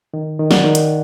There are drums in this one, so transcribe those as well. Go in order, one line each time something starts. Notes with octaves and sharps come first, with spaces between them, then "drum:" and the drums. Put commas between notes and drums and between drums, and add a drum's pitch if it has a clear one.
D#3
D#3
D5 F#5, drum: snare
D#3
drum: hi-hat